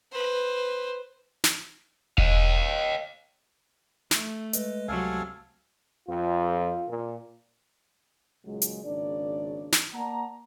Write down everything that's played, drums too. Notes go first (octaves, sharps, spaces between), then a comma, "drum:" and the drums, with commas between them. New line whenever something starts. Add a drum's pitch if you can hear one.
B4 C5
drum: snare
D#5 F5, drum: kick E1
A3, drum: snare
G#3 B4 D#5, drum: hi-hat
C#2 C3 F#3 G#3 A3 A4 F5 G#5
F2 F4
A#2
C#2 A#2 F#3 G#3
drum: hi-hat
G#1 C#3 A#3 D4 D5
drum: snare
A#3 D5 F#5 A5 A#5